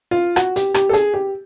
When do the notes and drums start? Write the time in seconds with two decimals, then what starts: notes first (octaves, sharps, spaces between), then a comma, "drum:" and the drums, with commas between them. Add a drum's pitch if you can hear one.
0.11 F4
0.36 F#4, drum: rim click
0.56 G4, drum: hi-hat
0.74 G4, drum: rim click
0.89 A4
0.93 G#4, drum: hi-hat
1.14 G4